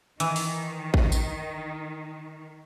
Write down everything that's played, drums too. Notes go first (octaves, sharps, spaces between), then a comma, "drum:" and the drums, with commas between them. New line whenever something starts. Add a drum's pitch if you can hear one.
D#3 E3, drum: hi-hat
drum: open hi-hat
drum: kick A1
drum: tambourine